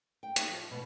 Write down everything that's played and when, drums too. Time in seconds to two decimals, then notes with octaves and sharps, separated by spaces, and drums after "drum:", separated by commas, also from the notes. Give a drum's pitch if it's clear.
0.23 G5
0.36 D#4, drum: hi-hat
0.48 F3
0.71 B2